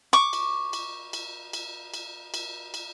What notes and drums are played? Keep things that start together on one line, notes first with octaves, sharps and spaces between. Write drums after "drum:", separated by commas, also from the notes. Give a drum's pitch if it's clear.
C#6 D6
drum: cymbal
drum: cymbal
drum: cymbal
drum: cymbal
drum: cymbal
drum: cymbal
drum: cymbal